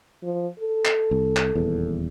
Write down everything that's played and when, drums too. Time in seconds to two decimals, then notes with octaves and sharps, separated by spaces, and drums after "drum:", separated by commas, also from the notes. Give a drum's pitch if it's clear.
0.23 F3
0.60 A4
0.85 drum: clap
1.11 C2
1.37 drum: clap
1.55 D#1 E2